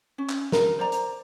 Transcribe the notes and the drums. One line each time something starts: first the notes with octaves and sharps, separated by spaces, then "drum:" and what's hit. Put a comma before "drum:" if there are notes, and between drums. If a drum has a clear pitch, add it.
C#4
drum: clap
A#4, drum: snare
C5 D5 A#5
drum: hi-hat